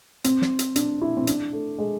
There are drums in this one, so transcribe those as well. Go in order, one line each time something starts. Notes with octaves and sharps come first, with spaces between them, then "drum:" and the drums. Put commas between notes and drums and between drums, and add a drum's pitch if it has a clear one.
C4, drum: hi-hat
drum: snare
drum: hi-hat
D4, drum: hi-hat
E4
C4
D4, drum: hi-hat
A3
G#3